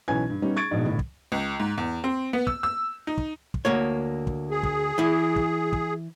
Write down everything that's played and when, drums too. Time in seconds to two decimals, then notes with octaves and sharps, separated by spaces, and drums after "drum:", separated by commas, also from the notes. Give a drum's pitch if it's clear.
0.08 B1 E3 C#4 B4 G#5 G#6
0.30 G2
0.42 G3 B3 C#4 D#4
0.56 C#6 G#6 A6 D7
0.71 A#1 G#2 B2
0.85 G1 A2 E4
0.99 drum: kick
1.32 C#2
1.60 G#2
1.78 E2
2.04 C4
2.33 B3
2.47 E6, drum: kick
2.63 E6
3.07 D#4
3.18 drum: kick
3.54 drum: kick
3.65 D2 A#3 C#5
4.27 drum: kick
4.51 G#4
4.63 drum: kick
4.98 E3 E4
5.36 drum: kick
5.73 drum: kick